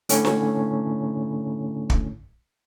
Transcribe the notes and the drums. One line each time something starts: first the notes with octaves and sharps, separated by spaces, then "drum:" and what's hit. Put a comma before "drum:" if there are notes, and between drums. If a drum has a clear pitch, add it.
A2 D3 C#4, drum: hi-hat
drum: snare
drum: kick